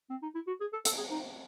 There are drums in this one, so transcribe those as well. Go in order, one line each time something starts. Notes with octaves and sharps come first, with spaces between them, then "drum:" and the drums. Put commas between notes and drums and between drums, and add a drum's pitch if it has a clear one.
C4
D#4
E4
F#4
G#4
A4
A4, drum: hi-hat
G#4
D#4